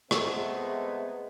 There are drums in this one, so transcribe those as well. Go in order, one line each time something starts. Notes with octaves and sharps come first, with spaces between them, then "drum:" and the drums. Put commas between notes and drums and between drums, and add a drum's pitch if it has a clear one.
C3 G#3 A3 B3, drum: rim click